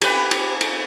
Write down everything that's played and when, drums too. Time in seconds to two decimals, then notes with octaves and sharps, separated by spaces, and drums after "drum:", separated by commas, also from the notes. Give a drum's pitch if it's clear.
0.01 G4 B4, drum: cymbal
0.31 drum: cymbal
0.61 drum: cymbal